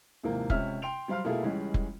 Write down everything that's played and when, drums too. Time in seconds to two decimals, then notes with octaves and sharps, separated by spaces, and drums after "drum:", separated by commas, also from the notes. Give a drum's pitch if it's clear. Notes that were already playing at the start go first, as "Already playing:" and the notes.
0.23 D#2 G#2 C3 E3 F3 A#3
0.50 C#2 C3 C#4 E5 F6, drum: kick F1
0.82 G5 C6 D7 F7
1.08 F#3 G3 C5 F5 C6 F6
1.24 B2 A3 A#3 E4 F4 G#4
1.43 C#2 E3 G3 G#3 C#4
1.74 drum: kick F1